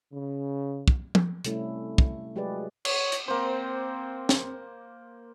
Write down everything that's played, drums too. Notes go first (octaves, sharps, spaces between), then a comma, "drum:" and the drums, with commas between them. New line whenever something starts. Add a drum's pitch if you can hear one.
C#3
drum: kick
drum: tom F3
C3 G3 A3 C#4 E4, drum: hi-hat
drum: kick
F#3 G#3 G4 G#4 B4 D5
C#5, drum: cymbal
drum: hi-hat
A#3 C4 C5
drum: snare